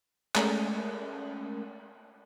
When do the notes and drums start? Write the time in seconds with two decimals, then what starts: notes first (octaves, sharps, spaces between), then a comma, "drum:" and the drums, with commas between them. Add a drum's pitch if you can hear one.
0.36 G#3 A3 C#4 A#4, drum: clap